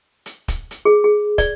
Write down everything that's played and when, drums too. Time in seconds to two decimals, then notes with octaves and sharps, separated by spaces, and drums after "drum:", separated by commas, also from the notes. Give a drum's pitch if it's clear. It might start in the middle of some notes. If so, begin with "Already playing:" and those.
0.26 drum: hi-hat
0.48 drum: kick, hi-hat
0.71 drum: hi-hat
0.85 G#4
1.04 G#4
1.38 D5, drum: kick, hi-hat